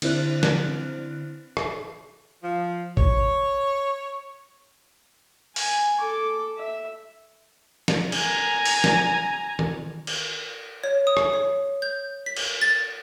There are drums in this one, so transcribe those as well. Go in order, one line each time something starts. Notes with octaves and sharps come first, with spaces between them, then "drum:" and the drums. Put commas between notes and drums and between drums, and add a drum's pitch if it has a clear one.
D3 C4 E4 C5 F#6, drum: cymbal
drum: snare
drum: rim click
F3
C#5, drum: kick
G#5, drum: open hi-hat
A4 D6
E5
drum: snare
G#5 A#5, drum: cymbal
drum: open hi-hat
drum: snare
drum: tom D#3
drum: cymbal
C#5
D#6
drum: rim click
C#5
G6
B6
drum: cymbal
A6